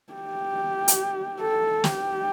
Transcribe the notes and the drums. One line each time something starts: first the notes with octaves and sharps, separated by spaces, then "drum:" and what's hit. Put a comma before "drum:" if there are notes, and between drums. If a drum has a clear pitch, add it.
G4
drum: hi-hat
A4
G4, drum: snare